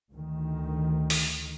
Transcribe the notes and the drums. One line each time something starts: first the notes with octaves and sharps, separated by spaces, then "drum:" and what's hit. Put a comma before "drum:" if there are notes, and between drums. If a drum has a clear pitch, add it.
D2 D#3
drum: open hi-hat